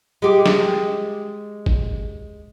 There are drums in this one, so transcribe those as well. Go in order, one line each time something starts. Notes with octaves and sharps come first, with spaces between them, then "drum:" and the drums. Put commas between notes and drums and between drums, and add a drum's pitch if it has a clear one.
G#3 G4
drum: snare
drum: kick